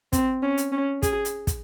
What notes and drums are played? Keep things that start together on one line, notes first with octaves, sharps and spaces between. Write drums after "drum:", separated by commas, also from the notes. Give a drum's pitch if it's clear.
C4, drum: kick, hi-hat
C#4
drum: hi-hat
C#4
G#4, drum: kick, hi-hat
drum: hi-hat
drum: kick, hi-hat